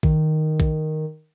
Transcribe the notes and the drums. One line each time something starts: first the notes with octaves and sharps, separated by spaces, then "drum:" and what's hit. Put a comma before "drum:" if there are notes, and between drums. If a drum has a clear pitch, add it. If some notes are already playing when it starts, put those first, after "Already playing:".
D#3, drum: kick A#1
drum: kick A#1